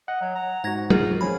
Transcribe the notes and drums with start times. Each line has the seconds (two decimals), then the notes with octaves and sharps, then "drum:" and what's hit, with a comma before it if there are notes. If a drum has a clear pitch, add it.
0.08 D#5 F#5
0.21 F#3
0.35 A#5
0.64 G#2 F#4 F#5 G#6 A#6
0.90 F4 G#4 A#4, drum: tom F#3
1.21 F3 C#4 G#4 B5